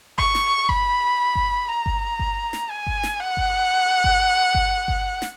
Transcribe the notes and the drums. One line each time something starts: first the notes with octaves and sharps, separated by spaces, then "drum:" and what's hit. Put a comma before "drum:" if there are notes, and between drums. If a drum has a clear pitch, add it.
C#6, drum: kick G1
drum: snare
B5, drum: kick G1
drum: kick G1
A#5
drum: kick G1
drum: kick G1
drum: snare
G#5
drum: kick G1
drum: snare
F#5
drum: kick G1
drum: kick G1
drum: kick G1
drum: kick G1
drum: snare